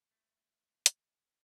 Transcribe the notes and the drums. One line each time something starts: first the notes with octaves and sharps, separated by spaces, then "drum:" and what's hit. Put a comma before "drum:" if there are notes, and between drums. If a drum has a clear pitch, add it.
A3
drum: hi-hat